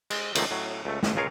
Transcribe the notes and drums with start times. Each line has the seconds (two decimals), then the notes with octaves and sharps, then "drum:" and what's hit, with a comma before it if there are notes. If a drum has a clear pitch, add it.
0.10 G#3, drum: cymbal
0.35 C#2 D#3 F3 A3 A#3, drum: cymbal
0.51 A2 F#3
0.85 C#2 A3
1.03 A1, drum: snare
1.16 C#2 F4 G#4 A#4 C#5 F5